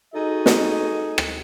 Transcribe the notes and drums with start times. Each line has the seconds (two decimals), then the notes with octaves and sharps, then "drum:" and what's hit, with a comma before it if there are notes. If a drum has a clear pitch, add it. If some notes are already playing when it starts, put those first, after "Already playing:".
0.15 D#4 F#4 G#4 A4 D#5
0.46 drum: snare
1.18 drum: rim click